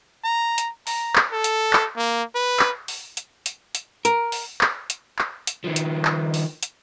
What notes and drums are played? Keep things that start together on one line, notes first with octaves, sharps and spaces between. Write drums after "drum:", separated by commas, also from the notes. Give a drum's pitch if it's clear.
A#5
drum: hi-hat
A#5, drum: open hi-hat
drum: clap
A4
drum: hi-hat
drum: clap
A#3
B4
drum: clap
drum: open hi-hat
drum: hi-hat
drum: hi-hat
drum: hi-hat
A#4, drum: hi-hat
drum: open hi-hat
drum: clap
drum: hi-hat
drum: clap
drum: hi-hat
D#3 F3
drum: hi-hat
drum: clap
drum: open hi-hat
drum: hi-hat